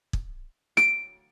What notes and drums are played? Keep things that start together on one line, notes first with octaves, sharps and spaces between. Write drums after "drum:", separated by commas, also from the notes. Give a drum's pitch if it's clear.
drum: kick
D7, drum: snare